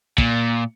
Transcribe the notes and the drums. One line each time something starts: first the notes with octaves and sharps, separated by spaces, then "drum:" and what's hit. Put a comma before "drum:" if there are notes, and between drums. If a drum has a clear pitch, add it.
A#2, drum: kick